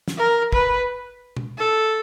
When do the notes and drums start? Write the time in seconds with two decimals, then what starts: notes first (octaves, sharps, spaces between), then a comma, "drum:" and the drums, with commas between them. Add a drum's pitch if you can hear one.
0.08 drum: snare
0.17 A#4
0.53 B4, drum: kick
1.37 drum: tom B2
1.58 A4